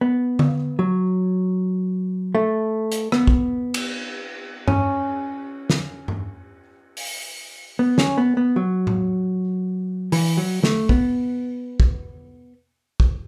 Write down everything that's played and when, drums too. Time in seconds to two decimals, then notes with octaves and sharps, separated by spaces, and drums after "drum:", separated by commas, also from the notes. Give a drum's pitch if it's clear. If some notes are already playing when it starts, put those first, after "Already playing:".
0.01 B3
0.39 drum: tom D3
0.79 F#3
2.35 A3
2.92 drum: hi-hat
3.12 B3, drum: rim click
3.27 drum: kick
3.74 drum: cymbal
4.68 C#4, drum: tom G2
5.70 drum: snare
6.08 drum: tom G2
6.97 drum: open hi-hat
7.79 B3
7.98 C#4, drum: snare
8.18 B3
8.37 B3
8.56 F#3
8.87 drum: tom A2
10.12 E3, drum: open hi-hat
10.37 F#3
10.64 A3, drum: snare
10.89 B3, drum: kick
11.80 drum: kick
13.00 drum: kick